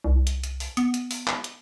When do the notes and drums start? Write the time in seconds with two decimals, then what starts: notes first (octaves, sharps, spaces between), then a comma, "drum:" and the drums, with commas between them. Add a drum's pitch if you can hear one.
0.04 C2
0.27 drum: hi-hat
0.44 drum: hi-hat
0.60 drum: open hi-hat
0.77 B3, drum: hi-hat
0.94 drum: hi-hat
1.11 drum: open hi-hat
1.27 drum: clap
1.44 drum: hi-hat